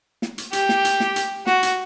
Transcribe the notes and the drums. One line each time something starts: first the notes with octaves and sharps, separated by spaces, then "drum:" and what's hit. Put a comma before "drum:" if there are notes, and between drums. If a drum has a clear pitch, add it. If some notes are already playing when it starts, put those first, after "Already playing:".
drum: snare
drum: hi-hat
G4, drum: hi-hat
drum: snare
drum: hi-hat
drum: snare
drum: hi-hat
F#4, drum: snare
drum: hi-hat